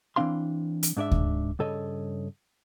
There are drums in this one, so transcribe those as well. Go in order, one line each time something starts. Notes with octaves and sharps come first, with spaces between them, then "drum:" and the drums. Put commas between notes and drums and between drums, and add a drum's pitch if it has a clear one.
E3 F3 C4 D4 F5 C6
drum: hi-hat
G#2 D4 D5 E5
drum: kick D2
G2 C#3 A4 C#5 D#5